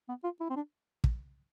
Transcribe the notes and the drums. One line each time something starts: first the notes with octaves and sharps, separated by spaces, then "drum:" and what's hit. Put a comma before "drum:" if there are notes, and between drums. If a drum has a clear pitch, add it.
B3
F4
E4
C4
D4
drum: kick